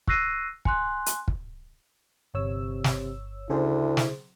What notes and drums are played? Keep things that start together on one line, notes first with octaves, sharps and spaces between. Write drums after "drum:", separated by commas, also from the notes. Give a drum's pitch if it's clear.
C#6 E6 F#6 A#6 C7 D#7, drum: kick
G#5 C6 F#6, drum: kick
drum: hi-hat
drum: kick
G1 C3 C#5 E6
drum: snare
D2 C#3 E4 G#4 C5
drum: snare